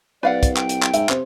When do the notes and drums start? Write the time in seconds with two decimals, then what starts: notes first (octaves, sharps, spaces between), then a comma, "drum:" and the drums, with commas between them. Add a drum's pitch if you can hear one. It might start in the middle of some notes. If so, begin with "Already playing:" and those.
0.23 C2 B4 D5 F5 F#5
0.43 drum: kick, hi-hat
0.57 G5, drum: clap
0.69 drum: hi-hat
0.83 drum: clap
0.94 G#2 E5, drum: hi-hat
1.09 C3 C5, drum: clap